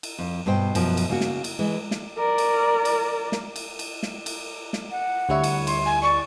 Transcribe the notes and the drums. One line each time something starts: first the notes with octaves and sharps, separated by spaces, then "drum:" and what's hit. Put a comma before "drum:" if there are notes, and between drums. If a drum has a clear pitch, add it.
drum: cymbal
F2
G2 B2 C5 G5
F#2 B2 F3, drum: cymbal
drum: cymbal
C#3 A#3 F#4
drum: snare
drum: cymbal
E3 G#3
drum: snare
A#4 D5
drum: cymbal
drum: cymbal
drum: snare
drum: cymbal
drum: cymbal
drum: snare
drum: cymbal
drum: snare
F#5
D2 G3 E4 C#5
drum: cymbal
C6, drum: cymbal
G#5
D5 C#6